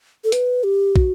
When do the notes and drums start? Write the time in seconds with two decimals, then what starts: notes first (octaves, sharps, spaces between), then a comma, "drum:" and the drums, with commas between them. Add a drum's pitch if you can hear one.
0.24 A4
0.32 B4, drum: hi-hat
0.64 G4
0.96 F#4, drum: kick